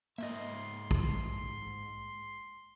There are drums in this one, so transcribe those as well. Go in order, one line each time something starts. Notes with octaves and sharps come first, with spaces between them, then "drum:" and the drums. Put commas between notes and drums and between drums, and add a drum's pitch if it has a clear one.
G#2 G#3 A#3 D#5 E5 C6
drum: kick